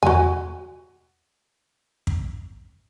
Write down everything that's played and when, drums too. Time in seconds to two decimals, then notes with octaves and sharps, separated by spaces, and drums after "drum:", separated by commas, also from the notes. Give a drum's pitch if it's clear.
0.03 F#4 G#5, drum: tom E2
2.07 drum: kick